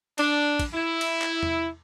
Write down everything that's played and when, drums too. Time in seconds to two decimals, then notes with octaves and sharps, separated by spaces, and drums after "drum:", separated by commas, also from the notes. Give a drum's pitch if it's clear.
0.18 D4, drum: cymbal
0.59 drum: kick, cymbal
0.74 E4
1.01 drum: cymbal
1.22 drum: clap
1.43 drum: tom E2